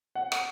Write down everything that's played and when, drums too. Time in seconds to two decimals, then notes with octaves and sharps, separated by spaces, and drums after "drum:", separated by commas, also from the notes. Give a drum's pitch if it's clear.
0.15 F#5
0.32 drum: rim click